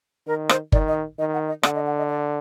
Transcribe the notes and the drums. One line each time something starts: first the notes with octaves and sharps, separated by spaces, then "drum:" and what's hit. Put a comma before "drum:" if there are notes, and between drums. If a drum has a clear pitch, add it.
D#3 A#4
C5, drum: rim click
D#3 D5, drum: kick G1
D#5
D#3 D#5
F#5
D#5
D3 F#5, drum: rim click
D#5
F#5
D#5
D5